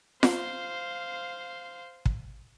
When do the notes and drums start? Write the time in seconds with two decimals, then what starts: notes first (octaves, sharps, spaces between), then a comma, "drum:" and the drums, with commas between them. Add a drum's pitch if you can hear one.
0.23 C5 F5, drum: snare F4
2.06 drum: kick